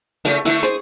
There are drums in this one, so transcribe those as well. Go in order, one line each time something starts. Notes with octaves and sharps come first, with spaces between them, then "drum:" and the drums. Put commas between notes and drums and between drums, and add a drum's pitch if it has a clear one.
C#3 A3, drum: hi-hat
D3 A3 E4, drum: hi-hat
G#4 C5, drum: hi-hat